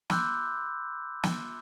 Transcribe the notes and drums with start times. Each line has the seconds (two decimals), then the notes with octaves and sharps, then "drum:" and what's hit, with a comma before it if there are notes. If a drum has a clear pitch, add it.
0.10 B5 C6 D6 E6 F#6 G6, drum: snare
1.23 drum: snare